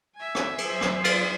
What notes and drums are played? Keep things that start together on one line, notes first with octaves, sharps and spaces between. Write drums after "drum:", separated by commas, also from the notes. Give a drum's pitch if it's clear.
E5 G#5
drum: rim click
F#3 C5, drum: cymbal
drum: rim click
F4 D5, drum: cymbal